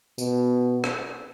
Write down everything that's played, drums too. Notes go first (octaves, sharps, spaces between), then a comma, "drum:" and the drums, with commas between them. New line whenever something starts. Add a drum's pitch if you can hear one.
B2, drum: tambourine
drum: rim click